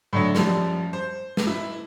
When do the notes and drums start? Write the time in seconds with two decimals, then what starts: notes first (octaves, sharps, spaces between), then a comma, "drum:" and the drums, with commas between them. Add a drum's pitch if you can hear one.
0.13 A2 D3 F#3
0.35 F#2 F3 G3, drum: snare
0.93 C5
1.37 drum: snare
1.47 E4